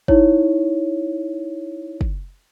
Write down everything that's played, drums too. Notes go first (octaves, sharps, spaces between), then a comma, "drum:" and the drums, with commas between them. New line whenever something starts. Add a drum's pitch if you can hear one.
D#4 E4 C#5, drum: kick
drum: kick